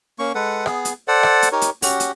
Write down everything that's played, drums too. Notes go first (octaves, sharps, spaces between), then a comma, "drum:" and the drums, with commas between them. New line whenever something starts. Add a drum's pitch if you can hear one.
A#3 C#4 C#6
G#3 A4 B4 F#5
B3 G#4, drum: rim click
drum: hi-hat
A4 C5 D5 F#5
drum: rim click
drum: hi-hat
D#4 G4 A#4 C#5
drum: hi-hat
C#4 F#4 G4 F#5, drum: open hi-hat
drum: hi-hat